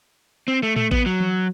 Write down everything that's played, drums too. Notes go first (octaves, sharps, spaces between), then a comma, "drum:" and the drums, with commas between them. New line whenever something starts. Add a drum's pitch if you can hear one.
C4
A3
A3, drum: tom A2
B3, drum: kick A1
F#3
drum: tom E3